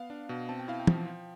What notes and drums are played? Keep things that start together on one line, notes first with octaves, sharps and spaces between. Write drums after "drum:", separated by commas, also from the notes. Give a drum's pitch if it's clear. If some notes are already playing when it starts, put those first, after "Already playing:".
Already playing: B3 F5
D4
B2
C4 A5
G5
E4 F5
G5
F3, drum: tom
F3